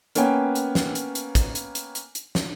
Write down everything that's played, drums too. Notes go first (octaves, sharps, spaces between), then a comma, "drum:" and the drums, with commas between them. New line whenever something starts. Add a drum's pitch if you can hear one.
A#3 B3 C#4 G5 G#5, drum: hi-hat
drum: hi-hat
drum: snare
drum: hi-hat
drum: hi-hat
drum: kick, hi-hat
drum: hi-hat
drum: hi-hat
drum: hi-hat
drum: hi-hat
drum: snare